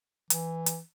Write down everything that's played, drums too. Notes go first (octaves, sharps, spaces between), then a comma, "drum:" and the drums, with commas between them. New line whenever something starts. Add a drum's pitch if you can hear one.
E3, drum: hi-hat
drum: hi-hat